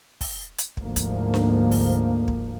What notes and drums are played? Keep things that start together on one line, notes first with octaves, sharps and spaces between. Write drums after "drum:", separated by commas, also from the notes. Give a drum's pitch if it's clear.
drum: kick, open hi-hat
drum: hi-hat
D2 G#2 F3 A#3, drum: kick
drum: kick, hi-hat
drum: snare D4
drum: kick, open hi-hat
drum: kick